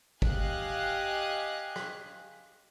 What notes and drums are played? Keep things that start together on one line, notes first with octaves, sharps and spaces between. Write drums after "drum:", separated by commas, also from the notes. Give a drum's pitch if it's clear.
G4 D#5 F5 G#5 F#6, drum: kick
drum: rim click